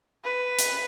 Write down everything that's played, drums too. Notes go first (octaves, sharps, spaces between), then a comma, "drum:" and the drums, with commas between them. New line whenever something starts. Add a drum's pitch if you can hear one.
B4
drum: hi-hat